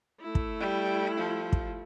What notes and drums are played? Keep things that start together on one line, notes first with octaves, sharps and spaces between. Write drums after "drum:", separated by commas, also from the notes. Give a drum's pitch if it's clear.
A3 E4
drum: kick
G3
F3
drum: kick